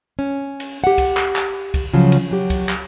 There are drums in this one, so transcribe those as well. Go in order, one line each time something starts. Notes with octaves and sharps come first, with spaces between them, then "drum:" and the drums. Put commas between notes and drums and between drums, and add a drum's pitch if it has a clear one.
C#4
drum: cymbal
G4 F#5
drum: kick C2, cymbal
drum: clap
drum: clap
drum: kick C2, cymbal
C#3 F3 F#3
drum: cymbal
F#3 G4
drum: kick C2, cymbal
drum: clap